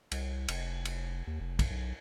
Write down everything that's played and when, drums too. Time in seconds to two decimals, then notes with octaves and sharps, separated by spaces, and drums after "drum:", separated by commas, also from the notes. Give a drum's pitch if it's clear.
0.12 C2, drum: cymbal
0.48 F1, drum: cymbal
0.85 drum: cymbal
1.27 D#2
1.40 F1
1.59 drum: kick, cymbal
1.70 B1